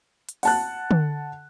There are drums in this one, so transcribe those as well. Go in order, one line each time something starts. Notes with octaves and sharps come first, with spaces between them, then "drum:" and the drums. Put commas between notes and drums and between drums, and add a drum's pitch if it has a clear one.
drum: hi-hat
F#5 A5 F#6, drum: open hi-hat
drum: tom D3